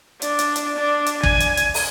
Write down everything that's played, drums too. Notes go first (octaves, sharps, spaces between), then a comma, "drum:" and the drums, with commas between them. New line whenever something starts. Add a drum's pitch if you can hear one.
D4, drum: hi-hat
drum: hi-hat
drum: hi-hat
D4
drum: hi-hat
G#5, drum: kick
drum: hi-hat
drum: hi-hat
drum: open hi-hat